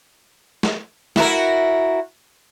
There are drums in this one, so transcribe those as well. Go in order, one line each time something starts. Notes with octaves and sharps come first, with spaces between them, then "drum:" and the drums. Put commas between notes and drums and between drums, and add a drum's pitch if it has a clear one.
drum: snare
E4 F#4 A#4, drum: snare